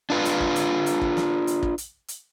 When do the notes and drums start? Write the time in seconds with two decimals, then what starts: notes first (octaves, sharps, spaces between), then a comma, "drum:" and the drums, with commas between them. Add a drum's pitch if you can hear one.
0.10 D4 F4 B4
0.25 drum: hi-hat
0.40 drum: kick
0.56 drum: hi-hat
0.86 drum: hi-hat
1.01 drum: kick
1.17 drum: snare
1.47 drum: hi-hat
1.63 drum: kick
1.78 drum: hi-hat
2.08 drum: hi-hat